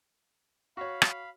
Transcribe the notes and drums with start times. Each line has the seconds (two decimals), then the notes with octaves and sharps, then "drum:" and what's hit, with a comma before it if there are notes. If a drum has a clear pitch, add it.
0.77 F#4 C#5 F5 B5
1.02 drum: rim click